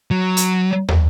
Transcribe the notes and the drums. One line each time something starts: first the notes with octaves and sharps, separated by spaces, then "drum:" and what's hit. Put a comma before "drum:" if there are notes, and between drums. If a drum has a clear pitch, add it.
F#3
drum: hi-hat
drum: tom